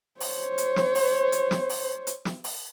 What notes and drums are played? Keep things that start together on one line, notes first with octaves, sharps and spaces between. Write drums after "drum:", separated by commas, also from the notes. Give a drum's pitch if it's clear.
C5 C#5, drum: open hi-hat
drum: hi-hat
drum: snare
drum: open hi-hat
drum: hi-hat
drum: snare
drum: open hi-hat
drum: hi-hat
drum: snare
drum: open hi-hat